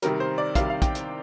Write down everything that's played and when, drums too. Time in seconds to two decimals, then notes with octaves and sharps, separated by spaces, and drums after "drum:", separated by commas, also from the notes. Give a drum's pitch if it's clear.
0.02 C3 D#3 G3 A#4, drum: hi-hat
0.20 C5
0.38 D5
0.55 C3 D#3 G3 F5, drum: kick, hi-hat
0.70 F5
0.82 G5, drum: kick, hi-hat
0.95 drum: hi-hat